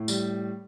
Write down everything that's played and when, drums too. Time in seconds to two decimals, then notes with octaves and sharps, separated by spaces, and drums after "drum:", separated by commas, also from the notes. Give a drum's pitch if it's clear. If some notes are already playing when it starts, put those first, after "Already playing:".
Already playing: A2
0.08 G3, drum: tambourine